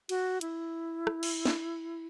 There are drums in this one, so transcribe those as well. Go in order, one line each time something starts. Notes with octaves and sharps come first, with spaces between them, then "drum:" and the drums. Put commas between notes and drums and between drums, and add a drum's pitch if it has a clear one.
F#4, drum: cymbal
E4, drum: hi-hat
drum: rim click
drum: cymbal
drum: snare